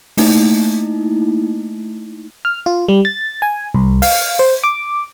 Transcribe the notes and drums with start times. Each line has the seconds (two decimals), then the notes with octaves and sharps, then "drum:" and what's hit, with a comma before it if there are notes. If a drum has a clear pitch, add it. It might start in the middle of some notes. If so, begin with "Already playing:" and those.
0.17 A3 A#3 D#4 E4, drum: open hi-hat
2.45 F6
2.66 F4
2.88 G3
3.05 A6
3.42 G#5
3.74 C2
4.02 F5, drum: open hi-hat
4.39 C5
4.64 D6